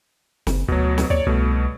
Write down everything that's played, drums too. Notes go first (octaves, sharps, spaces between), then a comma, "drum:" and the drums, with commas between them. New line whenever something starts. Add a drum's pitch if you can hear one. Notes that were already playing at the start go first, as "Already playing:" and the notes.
F#1, drum: snare
D2 B2 F#3
drum: snare
D#2 C#5 D5
C2 B2 A3